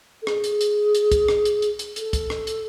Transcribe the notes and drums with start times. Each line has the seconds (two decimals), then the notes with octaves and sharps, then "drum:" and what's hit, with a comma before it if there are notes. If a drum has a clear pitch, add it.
0.22 A4
0.27 G#4, drum: rim click
0.44 drum: hi-hat
0.61 drum: hi-hat
0.95 drum: hi-hat
1.12 drum: kick, hi-hat
1.28 drum: rim click
1.45 drum: hi-hat
1.62 drum: hi-hat
1.79 drum: hi-hat
1.96 A4, drum: hi-hat
2.13 drum: kick, hi-hat
2.30 drum: rim click
2.47 drum: hi-hat